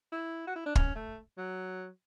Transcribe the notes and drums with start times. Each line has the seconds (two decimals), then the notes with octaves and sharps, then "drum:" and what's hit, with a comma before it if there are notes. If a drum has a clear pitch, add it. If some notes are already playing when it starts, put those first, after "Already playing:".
0.12 E4
0.47 F#4
0.56 E4
0.66 D4
0.75 C#4, drum: kick
0.95 A3
1.38 F#3